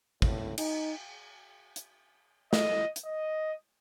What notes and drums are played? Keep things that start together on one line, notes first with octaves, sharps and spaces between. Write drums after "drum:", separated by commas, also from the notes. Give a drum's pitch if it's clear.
A2, drum: kick
D#4, drum: cymbal
drum: hi-hat
D#5, drum: snare
drum: hi-hat
D#5